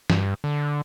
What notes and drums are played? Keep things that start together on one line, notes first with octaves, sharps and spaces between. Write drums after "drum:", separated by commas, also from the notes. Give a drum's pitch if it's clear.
G2, drum: snare
D3